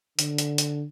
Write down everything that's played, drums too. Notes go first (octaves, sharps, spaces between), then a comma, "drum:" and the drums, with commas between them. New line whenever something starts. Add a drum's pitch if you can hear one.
D3, drum: hi-hat
drum: hi-hat
drum: hi-hat